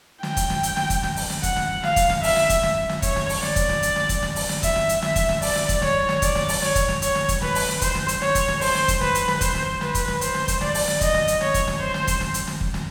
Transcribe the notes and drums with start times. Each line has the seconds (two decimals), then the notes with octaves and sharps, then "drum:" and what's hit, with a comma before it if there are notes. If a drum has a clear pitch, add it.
0.23 G5, drum: snare
0.37 drum: kick, hi-hat
0.50 drum: snare
0.63 drum: hi-hat
0.77 drum: snare
0.90 drum: kick, hi-hat
1.03 drum: snare
1.16 drum: open hi-hat
1.30 drum: snare
1.43 F#5, drum: kick, hi-hat
1.56 drum: snare
1.84 F5, drum: snare
1.96 drum: kick, hi-hat
2.10 drum: snare
2.23 E5, drum: open hi-hat
2.36 drum: snare
2.50 drum: kick, hi-hat
2.63 E5, drum: snare
2.89 drum: snare
3.02 C#5, drum: kick, hi-hat
3.16 drum: snare
3.29 drum: open hi-hat
3.43 D5, drum: snare
3.56 drum: kick, hi-hat
3.69 drum: snare
3.83 drum: hi-hat
3.96 drum: snare
4.09 drum: kick, hi-hat
4.22 drum: snare
4.36 drum: open hi-hat
4.49 drum: snare
4.63 E5, drum: kick, hi-hat
4.76 drum: snare
4.89 drum: hi-hat
5.02 E5, drum: snare
5.16 drum: kick, hi-hat
5.29 drum: snare
5.42 D5, drum: open hi-hat
5.56 drum: snare
5.69 drum: kick, hi-hat
5.82 C#5, drum: snare
6.09 drum: snare
6.22 D5, drum: kick, hi-hat
6.35 drum: snare
6.49 drum: open hi-hat
6.62 C#5, drum: snare
6.75 drum: kick, hi-hat
6.89 drum: snare
7.02 C#5, drum: hi-hat
7.15 drum: snare
7.28 drum: kick, hi-hat
7.42 B4, drum: snare
7.55 drum: open hi-hat
7.68 drum: snare
7.82 C5, drum: kick, hi-hat
7.95 drum: snare
8.08 drum: hi-hat
8.22 C#5, drum: snare
8.35 drum: kick, hi-hat
8.48 drum: snare
8.61 C5, drum: open hi-hat
8.75 drum: snare
8.88 drum: kick, hi-hat
9.01 B4, drum: snare
9.15 drum: hi-hat
9.28 drum: snare
9.41 C5, drum: kick, hi-hat
9.55 drum: snare
9.81 B4, drum: snare
9.95 drum: kick, hi-hat
10.08 drum: snare
10.21 C5, drum: hi-hat
10.34 drum: snare
10.48 drum: kick, hi-hat
10.61 D5, drum: snare
10.74 drum: open hi-hat
10.88 drum: snare
11.01 D#5, drum: kick, hi-hat
11.14 drum: snare
11.28 drum: hi-hat
11.41 C#5, drum: snare
11.54 drum: kick, hi-hat
11.68 drum: snare
11.81 C5
11.94 drum: snare
12.07 drum: kick, hi-hat
12.21 drum: snare
12.34 drum: hi-hat
12.47 drum: snare
12.61 drum: kick
12.74 drum: snare